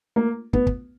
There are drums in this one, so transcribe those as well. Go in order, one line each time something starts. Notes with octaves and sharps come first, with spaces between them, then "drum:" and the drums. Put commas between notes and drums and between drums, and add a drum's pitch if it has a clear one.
A#3
B3, drum: kick
drum: kick